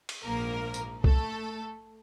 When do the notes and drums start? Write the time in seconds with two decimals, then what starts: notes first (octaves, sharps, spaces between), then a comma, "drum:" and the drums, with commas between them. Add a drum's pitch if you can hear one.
0.09 drum: cymbal
0.23 A#1 G#2 F3 A#3 A#4
0.74 drum: tambourine
1.04 A3 A4, drum: kick C2